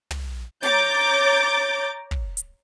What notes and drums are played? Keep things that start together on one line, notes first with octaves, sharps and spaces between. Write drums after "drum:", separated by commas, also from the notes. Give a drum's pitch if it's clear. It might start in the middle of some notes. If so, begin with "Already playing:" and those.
drum: tom
C#5 A#5 D6 G6 A6, drum: snare
drum: kick
drum: hi-hat